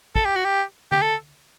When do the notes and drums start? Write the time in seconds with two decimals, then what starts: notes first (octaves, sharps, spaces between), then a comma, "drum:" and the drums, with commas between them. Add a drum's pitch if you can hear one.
0.16 A4, drum: kick
0.25 G4
0.36 F#4
0.45 G4
0.92 G4, drum: tom D3
1.02 A4